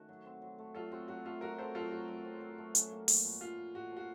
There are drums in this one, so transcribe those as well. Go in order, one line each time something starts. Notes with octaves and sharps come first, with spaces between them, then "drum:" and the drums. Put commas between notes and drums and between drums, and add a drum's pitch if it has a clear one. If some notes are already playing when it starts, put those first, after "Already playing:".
Already playing: D#3 A3 C#4 F#4
F#3
C4
F#3
A3
F#3 F4 A4
C4 F#4
F#3 F#4
A3 F4 A4
F#3 F#4 A#4
C4 A4 C5
F#3 F4 A4
A3 F#4
F#3
C4
F#3
A3
C#4, drum: hi-hat
A#3
A2, drum: open hi-hat
F3
C#4 F4
A#3
A2 F#4
F3
F#4